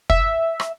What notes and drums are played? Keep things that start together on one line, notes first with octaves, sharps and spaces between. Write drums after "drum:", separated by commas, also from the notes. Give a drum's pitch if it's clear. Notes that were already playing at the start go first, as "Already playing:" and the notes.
E5, drum: kick
drum: rim click